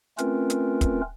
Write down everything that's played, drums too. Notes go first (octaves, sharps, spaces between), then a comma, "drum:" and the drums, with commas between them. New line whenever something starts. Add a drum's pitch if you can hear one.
A3 C4 C#4 F4 A#4 B4, drum: hi-hat
drum: hi-hat
drum: kick, hi-hat